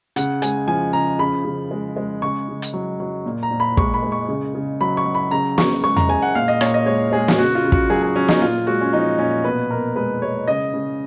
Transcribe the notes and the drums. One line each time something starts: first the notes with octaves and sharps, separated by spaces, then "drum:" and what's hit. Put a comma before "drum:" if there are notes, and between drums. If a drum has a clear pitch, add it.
C#3 F#5, drum: hi-hat
G#3 G#5, drum: hi-hat
F3 G#5
C#3 A#5
C#3 B5
C#3
G#3
G#3
C#3 C#6
C#3
drum: hi-hat
F#3
F#3
A#2
A#5
A#2
B5
G#3 C#6, drum: kick
B5
G#3
C#6
C#3
C#3
F#3 B5
C#6
F#3
B5
C#3 A#5
C#3 C#6, drum: snare
G#3 C#6
A#5, drum: tom E2
G#3 G#5
F#5
A#2 F5
D#5
A#2 C#5, drum: rim click
D#5
G#3 C#5
G#3 G#4
drum: snare
C#3 F#4
F4
C#3
F#4, drum: kick
F#3 G#4
G#4
F#3 C#4
D#4, drum: snare
A#2 F4
G#3 F#4
C#4
F3 D#4
A#2 C#4
B2 B4
B2 A#4
G#3 B4
G#3 C#5
C#3 D#5
C#3